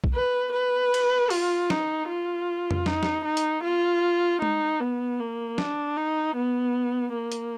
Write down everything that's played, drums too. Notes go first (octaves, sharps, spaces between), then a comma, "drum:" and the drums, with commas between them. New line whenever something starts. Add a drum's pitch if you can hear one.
drum: kick B1
B4
B4
drum: cymbal
F4, drum: open hi-hat
D#4, drum: snare
F4
drum: tom F2
D#4, drum: snare
drum: snare
D#4
drum: hi-hat
F4
D#4, drum: tom G#3
B3
A#3
D4, drum: snare
D#4
B3
A#3
drum: hi-hat